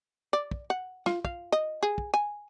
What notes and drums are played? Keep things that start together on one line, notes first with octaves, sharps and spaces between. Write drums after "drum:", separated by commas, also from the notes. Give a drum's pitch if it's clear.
D5
drum: kick
F#5
F4, drum: snare
F5, drum: kick
D#5
G#4
drum: kick
G#5